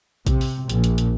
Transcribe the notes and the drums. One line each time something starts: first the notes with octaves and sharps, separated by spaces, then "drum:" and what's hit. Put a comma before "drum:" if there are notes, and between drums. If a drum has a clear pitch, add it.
C3, drum: kick A#1, hi-hat
drum: open hi-hat
A#1, drum: hi-hat
drum: hi-hat
drum: hi-hat